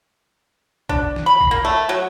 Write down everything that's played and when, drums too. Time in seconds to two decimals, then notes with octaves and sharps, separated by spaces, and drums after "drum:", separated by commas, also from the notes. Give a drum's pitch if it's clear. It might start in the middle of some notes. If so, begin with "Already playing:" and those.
0.89 D4, drum: kick
1.16 drum: snare
1.26 B5
1.41 drum: kick
1.51 A#3
1.65 A3
1.89 F#3